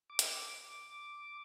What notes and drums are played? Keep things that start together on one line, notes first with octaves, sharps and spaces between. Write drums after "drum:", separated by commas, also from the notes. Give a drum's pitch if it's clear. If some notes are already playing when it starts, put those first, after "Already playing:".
D6
drum: hi-hat